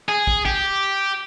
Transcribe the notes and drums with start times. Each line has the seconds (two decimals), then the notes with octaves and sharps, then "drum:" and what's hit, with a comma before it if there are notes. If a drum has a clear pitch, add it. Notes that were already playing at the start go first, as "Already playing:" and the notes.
0.09 G#4
0.27 drum: kick
0.46 G4, drum: kick